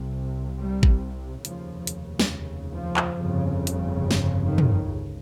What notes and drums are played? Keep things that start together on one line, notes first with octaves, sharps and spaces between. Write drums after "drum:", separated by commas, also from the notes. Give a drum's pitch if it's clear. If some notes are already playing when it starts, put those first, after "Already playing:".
Already playing: C2 C3
G3
drum: kick
F1 D#2 C#3 F3, drum: hi-hat
drum: hi-hat
drum: snare
F3
drum: clap
G1 F2 C#3
drum: hi-hat
drum: snare
D#3
drum: tom
C#2